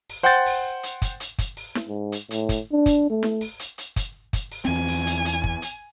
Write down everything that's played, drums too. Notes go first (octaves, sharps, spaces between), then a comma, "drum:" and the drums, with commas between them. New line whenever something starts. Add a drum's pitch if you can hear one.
drum: open hi-hat
C5 F#5 G5 C6 G6 A6
drum: open hi-hat
drum: hi-hat
drum: kick, hi-hat
drum: hi-hat
drum: kick, hi-hat
drum: open hi-hat
drum: snare
G#2
drum: hi-hat
A2, drum: hi-hat
drum: kick, hi-hat
D4
drum: kick, hi-hat
A3
drum: snare
drum: open hi-hat
drum: hi-hat
drum: hi-hat
drum: kick, hi-hat
drum: kick, hi-hat
drum: open hi-hat
E2 C4 G#5
drum: open hi-hat
drum: hi-hat
drum: hi-hat
drum: kick
drum: hi-hat